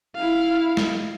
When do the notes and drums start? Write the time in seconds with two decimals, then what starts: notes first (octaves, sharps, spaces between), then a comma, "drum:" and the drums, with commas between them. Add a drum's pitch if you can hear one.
0.15 E4 F5
0.77 drum: snare